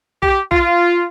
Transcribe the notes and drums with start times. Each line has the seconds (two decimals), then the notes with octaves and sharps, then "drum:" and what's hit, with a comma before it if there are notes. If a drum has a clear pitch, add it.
0.23 G4, drum: kick A#1
0.52 F4, drum: kick A#1